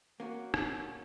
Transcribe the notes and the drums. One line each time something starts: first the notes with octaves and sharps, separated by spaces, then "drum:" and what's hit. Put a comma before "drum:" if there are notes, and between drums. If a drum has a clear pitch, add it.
A#3 C#4 F#4
drum: rim click